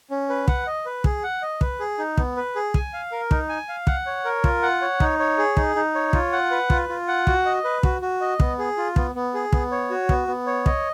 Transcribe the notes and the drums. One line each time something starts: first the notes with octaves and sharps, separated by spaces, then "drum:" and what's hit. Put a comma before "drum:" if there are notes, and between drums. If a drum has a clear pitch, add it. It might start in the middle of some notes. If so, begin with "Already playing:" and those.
C#4
B4
F#5, drum: kick
D#5
B4
G#4, drum: kick
F#5
D#5
B4, drum: kick
G#4
D#4
B3, drum: kick
B4
G#4
G#5, drum: kick
F5
A#4
D#4, drum: kick
G#5
F5
F#5, drum: kick
C#5
A#4
F4, drum: kick
F#5
C#5
D#4, drum: kick
C#5
G#4
D#4, drum: kick
D#4
C#5
F4, drum: kick
F#5
B4
F4, drum: kick
F4
F#5
F#4, drum: kick
D#5
B4
F#4, drum: kick
F#4
D#5
B3, drum: kick
G#4
F4
B3, drum: kick
B3
G#4
B3, drum: kick
C#5
F#4
B3, drum: kick
B3
C#5
D#5, drum: kick